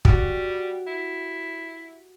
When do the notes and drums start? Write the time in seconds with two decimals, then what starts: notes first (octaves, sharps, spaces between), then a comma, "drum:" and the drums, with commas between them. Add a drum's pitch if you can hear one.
0.05 G3 F#4 G4, drum: kick
0.87 E4